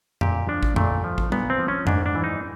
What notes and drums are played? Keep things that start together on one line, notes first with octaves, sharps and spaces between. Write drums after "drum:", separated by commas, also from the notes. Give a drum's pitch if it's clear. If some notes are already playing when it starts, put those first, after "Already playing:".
A#2 G4, drum: tom F2
F3 D4
drum: kick A1
A#2 A3, drum: tom F2
F3
drum: kick A1
A#2 B3, drum: tom G3
C4
F3
C#4
G#2 D4, drum: tom F2
D4
E3
D#4